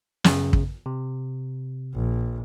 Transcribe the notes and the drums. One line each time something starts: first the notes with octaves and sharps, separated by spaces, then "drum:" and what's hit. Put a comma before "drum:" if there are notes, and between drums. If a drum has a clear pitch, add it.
F#2 C#3, drum: snare
drum: kick
C3
A#1